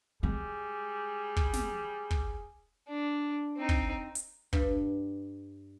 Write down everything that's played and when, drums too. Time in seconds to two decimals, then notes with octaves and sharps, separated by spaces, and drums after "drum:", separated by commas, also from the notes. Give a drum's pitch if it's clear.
0.23 G3 G#3 G#4
1.36 drum: kick
1.54 drum: snare
2.11 drum: kick
2.89 D4
3.57 C4 D#4
3.69 drum: kick
4.15 drum: hi-hat
4.53 G2, drum: kick